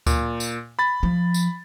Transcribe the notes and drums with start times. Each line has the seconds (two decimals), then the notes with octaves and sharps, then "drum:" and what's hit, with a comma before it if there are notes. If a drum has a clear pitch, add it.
0.06 A#2, drum: kick D2, tambourine
0.40 drum: tambourine
0.79 B5 A6
1.03 F3
1.34 drum: tambourine